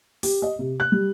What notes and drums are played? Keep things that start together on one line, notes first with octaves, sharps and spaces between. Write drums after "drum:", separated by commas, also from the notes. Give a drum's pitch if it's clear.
G4, drum: open hi-hat
D#5
C3
F#6
G3